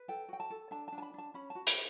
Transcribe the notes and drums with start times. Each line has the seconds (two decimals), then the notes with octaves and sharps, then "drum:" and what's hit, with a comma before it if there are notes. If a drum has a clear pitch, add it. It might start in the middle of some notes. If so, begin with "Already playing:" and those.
Already playing: B4
0.08 A4 G5
0.29 F#4 G5
0.40 A5
0.50 A4
0.71 D4 A5
0.88 A5
0.92 D4
0.98 A5
1.02 B5
1.14 D4 A5
1.34 C#4 B5
1.50 A5
1.55 F#4
1.67 B5, drum: hi-hat